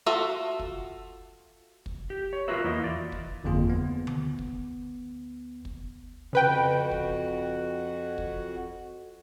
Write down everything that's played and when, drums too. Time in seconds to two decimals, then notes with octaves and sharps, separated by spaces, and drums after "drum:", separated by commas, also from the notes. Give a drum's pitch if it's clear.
0.06 F4 F#4 A4 E5
0.59 drum: kick
1.86 drum: kick
2.10 G4
2.33 C#5
2.48 F4 F#4 A#4 B4 E5
2.63 E2 A#3 E4 D#5
2.84 E2 G2 F4 D5
3.12 drum: kick
3.44 G1 F2 D3 A#3 F4 G#4
3.70 D2 B3
4.07 drum: tom D3
4.39 drum: kick
5.65 drum: kick
6.33 F2 C#3 F#4 B4 G5
6.91 drum: kick
8.18 drum: kick